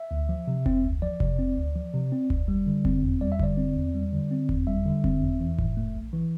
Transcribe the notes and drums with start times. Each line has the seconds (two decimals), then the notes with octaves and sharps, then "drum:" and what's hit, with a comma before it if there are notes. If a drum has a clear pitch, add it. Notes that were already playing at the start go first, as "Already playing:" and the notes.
Already playing: E5
0.11 D2
0.29 F3
0.48 C3
0.66 C4, drum: kick F1
0.84 D2
1.02 F3 D5
1.20 C3, drum: kick F1
1.39 C4
1.57 D2
1.75 F3
1.93 C3
2.12 C4
2.30 D2, drum: kick F1
2.48 G3
2.66 D3
2.85 C4, drum: kick F1
3.03 E2
3.21 G3 D5
3.32 E5
3.39 D3 D5, drum: kick F1
3.57 C4
3.76 E2
3.94 G3
4.13 D3
4.31 C4
4.49 E2, drum: kick F1
4.67 G3 E5
4.86 D3
5.04 C4, drum: kick F1
5.22 E2
5.40 E3
5.58 A2, drum: kick F1
5.77 A3
5.95 A#1
6.13 E3